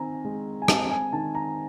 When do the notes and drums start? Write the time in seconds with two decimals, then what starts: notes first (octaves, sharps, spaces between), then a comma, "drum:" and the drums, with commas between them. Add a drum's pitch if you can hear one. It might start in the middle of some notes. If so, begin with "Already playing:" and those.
Already playing: D#3 C4 G#5 A#5
0.25 G#3
0.62 G#5
0.68 C4 A5, drum: rim click
0.91 G#5
1.13 D#3 A5
1.35 A#5